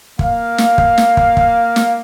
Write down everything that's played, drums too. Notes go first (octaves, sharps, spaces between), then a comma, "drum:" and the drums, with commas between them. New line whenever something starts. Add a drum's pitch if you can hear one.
A#3 F5, drum: kick
drum: snare
drum: kick
drum: snare
drum: kick
drum: kick
drum: snare